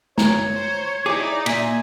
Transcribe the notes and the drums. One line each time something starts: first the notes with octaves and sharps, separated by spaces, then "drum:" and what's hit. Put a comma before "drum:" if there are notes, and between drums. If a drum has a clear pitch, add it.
C#5 A#5, drum: snare
C5
D#4 E4 G#4 D5 D6
A#2 E5 G#5, drum: cymbal